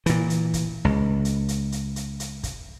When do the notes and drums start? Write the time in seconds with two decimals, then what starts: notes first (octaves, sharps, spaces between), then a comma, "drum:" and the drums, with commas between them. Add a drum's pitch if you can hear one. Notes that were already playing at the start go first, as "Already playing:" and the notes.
0.06 A#2 E3, drum: hi-hat
0.30 drum: hi-hat
0.54 drum: kick, hi-hat
0.85 C#2
1.25 drum: hi-hat
1.48 drum: hi-hat
1.72 drum: hi-hat
1.96 drum: hi-hat
2.20 drum: hi-hat
2.43 drum: kick, hi-hat